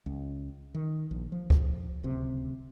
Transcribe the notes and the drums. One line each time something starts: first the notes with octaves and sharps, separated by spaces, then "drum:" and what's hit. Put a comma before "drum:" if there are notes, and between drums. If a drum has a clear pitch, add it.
C#2
D#3
A#1
F3
drum: kick C#2
D1 C#2 C3